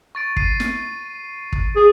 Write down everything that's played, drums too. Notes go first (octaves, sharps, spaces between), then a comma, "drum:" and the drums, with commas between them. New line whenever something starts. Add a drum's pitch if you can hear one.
C#6 A6 D7
C7 D#7, drum: kick
drum: snare
drum: kick
G#4